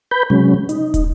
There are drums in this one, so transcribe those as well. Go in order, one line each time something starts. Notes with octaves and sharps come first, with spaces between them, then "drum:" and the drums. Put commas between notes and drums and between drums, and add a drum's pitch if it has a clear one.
B4 B5 G6
C3 F#3 G#3 C#4
D#4, drum: hi-hat
drum: kick, hi-hat